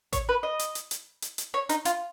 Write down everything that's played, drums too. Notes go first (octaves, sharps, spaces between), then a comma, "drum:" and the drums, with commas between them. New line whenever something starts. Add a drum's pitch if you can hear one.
C#5, drum: kick A1, hi-hat
B4
D#5
drum: hi-hat
drum: hi-hat
drum: hi-hat
drum: hi-hat
drum: hi-hat
C#5
D#4, drum: hi-hat
F4, drum: hi-hat